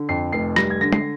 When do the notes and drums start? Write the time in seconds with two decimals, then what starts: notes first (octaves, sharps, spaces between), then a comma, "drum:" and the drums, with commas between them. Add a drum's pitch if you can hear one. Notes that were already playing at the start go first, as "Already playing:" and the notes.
Already playing: D3
0.09 F2 C7
0.33 F1 C7
0.56 G3 A#6, drum: rim click
0.70 G#6
0.81 D3 A#6
0.93 C7, drum: tom